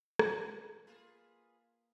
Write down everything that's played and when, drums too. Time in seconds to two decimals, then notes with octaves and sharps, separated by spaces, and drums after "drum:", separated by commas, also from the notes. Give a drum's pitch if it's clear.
0.19 C4 C#4, drum: rim click
0.87 A#3 F4 G#4 B4 F5 E7